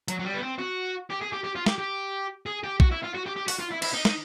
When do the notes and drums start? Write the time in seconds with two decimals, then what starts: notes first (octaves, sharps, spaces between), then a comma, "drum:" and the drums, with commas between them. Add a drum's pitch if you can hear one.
0.08 F#3, drum: hi-hat
0.19 F#3
0.24 G3
0.34 B3
0.42 C4
0.59 F#4
1.10 G4
1.22 G#4
1.33 G4
1.44 G4
1.55 F4
1.66 G4, drum: snare
1.78 G4
2.46 G#4
2.64 G4
2.80 F#4, drum: kick B1
2.91 E4
3.03 F4
3.14 F#4
3.26 G4
3.37 G4
3.48 F#4, drum: open hi-hat
3.60 F4
3.71 E4
3.82 E4, drum: cymbal
3.93 D#4
4.05 D#4, drum: snare